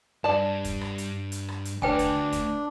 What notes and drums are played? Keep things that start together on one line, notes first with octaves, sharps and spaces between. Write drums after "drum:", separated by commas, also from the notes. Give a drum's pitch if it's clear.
G2 D5 A5
drum: kick, hi-hat
drum: rim click
drum: hi-hat
drum: hi-hat
drum: rim click
drum: hi-hat
D2 D3 D4 B4 G5 G#5, drum: kick
drum: kick, hi-hat
drum: kick, hi-hat